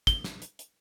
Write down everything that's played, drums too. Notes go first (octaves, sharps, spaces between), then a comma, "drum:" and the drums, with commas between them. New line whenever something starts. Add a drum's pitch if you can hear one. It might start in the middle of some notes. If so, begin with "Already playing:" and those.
G7, drum: kick, hi-hat
drum: snare
drum: hi-hat
drum: hi-hat